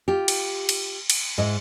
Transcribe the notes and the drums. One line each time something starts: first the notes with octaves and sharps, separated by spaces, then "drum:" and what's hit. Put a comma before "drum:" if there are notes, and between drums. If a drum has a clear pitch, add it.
F4 G4
drum: cymbal
drum: cymbal
drum: cymbal
G#2 E4 D#5